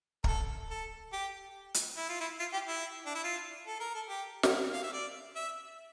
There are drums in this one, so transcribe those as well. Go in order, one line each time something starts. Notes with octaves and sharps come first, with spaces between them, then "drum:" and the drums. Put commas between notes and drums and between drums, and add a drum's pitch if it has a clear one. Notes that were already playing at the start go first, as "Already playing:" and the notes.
A#4, drum: kick
A4
A4
G4
drum: hi-hat
E4
F4
E4
F4
G4
E4
D4
E4
F4
A4
A#4
A4
G4
drum: snare
F5
E5
D5
E5